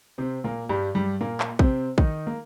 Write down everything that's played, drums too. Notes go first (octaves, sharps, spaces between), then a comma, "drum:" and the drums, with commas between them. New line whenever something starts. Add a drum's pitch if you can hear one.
C3 C4
A#2 A#3
G2 G3
G2 G3
A#2 A#3
drum: clap
C3 C4, drum: kick
D#3 D#4, drum: kick
A#3